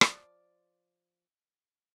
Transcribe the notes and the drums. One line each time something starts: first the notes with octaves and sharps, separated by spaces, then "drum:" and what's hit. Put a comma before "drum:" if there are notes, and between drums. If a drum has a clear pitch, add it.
F3 D5, drum: rim click